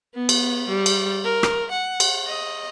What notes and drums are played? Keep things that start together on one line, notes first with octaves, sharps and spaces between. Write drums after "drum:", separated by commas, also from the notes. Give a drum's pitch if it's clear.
B3
drum: cymbal
G3
drum: cymbal
A#4
drum: rim click
F#5
drum: cymbal
D#5